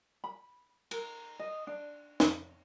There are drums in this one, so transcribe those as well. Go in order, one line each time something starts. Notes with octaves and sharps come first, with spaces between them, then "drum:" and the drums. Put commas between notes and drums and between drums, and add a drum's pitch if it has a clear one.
B5
A#4, drum: cymbal
D#5
D4
drum: snare